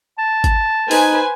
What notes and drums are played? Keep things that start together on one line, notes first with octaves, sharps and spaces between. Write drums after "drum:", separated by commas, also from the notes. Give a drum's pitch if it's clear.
A5
drum: kick G#1, hi-hat
D#4 B4 C5 G#5, drum: open hi-hat